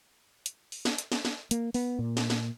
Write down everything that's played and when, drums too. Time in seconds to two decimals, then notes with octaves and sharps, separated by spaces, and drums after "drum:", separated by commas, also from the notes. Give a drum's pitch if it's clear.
0.46 drum: hi-hat
0.72 drum: open hi-hat
0.85 drum: snare
0.98 drum: hi-hat
1.12 drum: snare
1.25 drum: snare
1.51 A#3, drum: hi-hat
1.74 B3, drum: open hi-hat
1.99 A#2
2.17 drum: snare
2.30 drum: snare